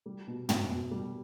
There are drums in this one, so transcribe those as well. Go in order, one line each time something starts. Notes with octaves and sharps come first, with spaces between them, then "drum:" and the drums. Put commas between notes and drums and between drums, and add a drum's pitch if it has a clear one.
G3
B2
B2, drum: tom
B2
G3